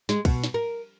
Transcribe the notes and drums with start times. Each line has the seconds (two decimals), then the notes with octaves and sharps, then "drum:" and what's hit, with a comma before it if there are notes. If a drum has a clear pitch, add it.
0.09 G#3, drum: snare
0.25 B2, drum: kick, cymbal
0.44 drum: snare
0.54 A#4